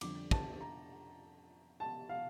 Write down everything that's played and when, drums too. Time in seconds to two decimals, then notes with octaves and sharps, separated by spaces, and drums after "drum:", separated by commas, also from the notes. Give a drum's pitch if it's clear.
0.01 F2 D3 G3 D6, drum: cymbal
0.31 A5, drum: kick
0.61 A#5
1.80 A5
2.09 F5